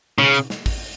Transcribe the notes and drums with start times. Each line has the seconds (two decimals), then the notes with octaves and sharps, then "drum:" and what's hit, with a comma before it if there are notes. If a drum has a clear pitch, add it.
0.18 C#3, drum: tom B2
0.34 drum: hi-hat
0.50 drum: snare
0.66 drum: kick, open hi-hat